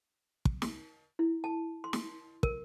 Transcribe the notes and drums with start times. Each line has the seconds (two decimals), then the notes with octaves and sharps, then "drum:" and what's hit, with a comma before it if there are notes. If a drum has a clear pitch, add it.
0.45 drum: kick
0.62 drum: snare
1.19 E4
1.44 A5
1.84 C6
1.93 drum: snare
2.43 A#4, drum: kick